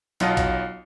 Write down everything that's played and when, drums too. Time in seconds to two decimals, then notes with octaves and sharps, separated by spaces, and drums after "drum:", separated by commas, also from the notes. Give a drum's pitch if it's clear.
0.20 B1 F#3 F4 D#5 F#5 A5, drum: hi-hat
0.37 drum: kick A#1, hi-hat